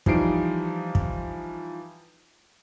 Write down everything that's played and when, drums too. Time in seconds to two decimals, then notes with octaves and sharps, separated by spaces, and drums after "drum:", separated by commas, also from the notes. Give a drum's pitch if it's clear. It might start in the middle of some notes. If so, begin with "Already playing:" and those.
0.06 E3 F3 G3 D#4 C7 D7, drum: kick
0.95 drum: kick